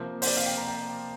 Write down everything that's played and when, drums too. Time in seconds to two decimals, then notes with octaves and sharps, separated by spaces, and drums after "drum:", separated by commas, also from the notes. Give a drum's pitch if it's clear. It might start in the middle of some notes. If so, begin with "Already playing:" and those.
Already playing: C3 F3 A#3 C5
0.22 C5, drum: open hi-hat
0.27 D5
0.37 F5
0.46 G5
0.57 A#5
0.67 G5